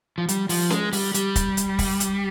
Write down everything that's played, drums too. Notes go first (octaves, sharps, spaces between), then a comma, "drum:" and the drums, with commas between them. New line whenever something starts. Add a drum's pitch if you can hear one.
F3
G3, drum: hi-hat
F3, drum: open hi-hat
G#3, drum: snare C#4
G3, drum: open hi-hat
G3, drum: hi-hat
drum: kick, hi-hat
drum: hi-hat
drum: kick, open hi-hat
drum: hi-hat